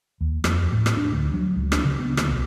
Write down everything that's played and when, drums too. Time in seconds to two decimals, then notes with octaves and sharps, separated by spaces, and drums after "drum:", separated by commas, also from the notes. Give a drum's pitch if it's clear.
0.21 D#2
0.44 F2, drum: rim click
0.72 A2
0.86 drum: rim click
0.97 D4
1.12 D2
1.34 F#3
1.56 C#2
1.72 D4, drum: rim click
1.85 C#3
1.99 B3
2.17 D2, drum: rim click
2.31 B1